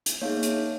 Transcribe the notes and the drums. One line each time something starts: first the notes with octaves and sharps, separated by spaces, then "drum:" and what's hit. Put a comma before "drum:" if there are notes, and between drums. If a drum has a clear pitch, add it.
drum: hi-hat
A#3 D#4 G#4 C#5 F5
drum: hi-hat